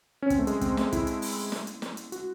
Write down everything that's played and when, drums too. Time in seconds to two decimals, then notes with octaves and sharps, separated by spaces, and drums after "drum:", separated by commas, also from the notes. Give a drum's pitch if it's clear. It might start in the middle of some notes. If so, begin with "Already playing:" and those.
0.22 C#4
0.30 C4, drum: kick, hi-hat
0.39 A3
0.47 G#3, drum: hi-hat
0.61 C4, drum: kick, hi-hat
0.77 A3, drum: snare
0.92 E4, drum: kick, hi-hat
1.07 drum: hi-hat
1.22 drum: open hi-hat
1.52 drum: snare
1.67 drum: hi-hat
1.82 drum: snare
1.97 drum: hi-hat
2.12 F#4, drum: hi-hat